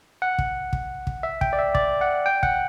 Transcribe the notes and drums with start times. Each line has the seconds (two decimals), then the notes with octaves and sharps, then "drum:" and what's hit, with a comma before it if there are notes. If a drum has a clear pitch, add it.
0.22 F#5
0.38 drum: kick
0.73 drum: kick
1.07 drum: kick
1.23 E5
1.41 G5, drum: kick
1.53 D5
1.59 E5
1.75 D5, drum: kick
2.01 F#5
2.26 G5
2.43 F#5, drum: kick